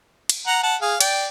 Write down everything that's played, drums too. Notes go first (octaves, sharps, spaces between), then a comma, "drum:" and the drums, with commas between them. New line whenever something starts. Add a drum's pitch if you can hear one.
drum: cymbal
F#5 A#5
F#5 A5
G#4 F5
D5 G5, drum: cymbal